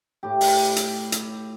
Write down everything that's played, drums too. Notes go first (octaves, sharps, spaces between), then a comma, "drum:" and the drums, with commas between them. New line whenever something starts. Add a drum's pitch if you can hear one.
A2 G4
drum: open hi-hat
drum: hi-hat
drum: hi-hat